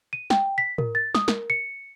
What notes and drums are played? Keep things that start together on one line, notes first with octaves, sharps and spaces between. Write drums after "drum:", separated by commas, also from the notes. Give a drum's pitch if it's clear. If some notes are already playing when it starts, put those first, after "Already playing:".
D#7
G5, drum: snare
B6
A#4, drum: tom
A6
D#6, drum: snare
A#4, drum: snare
C#7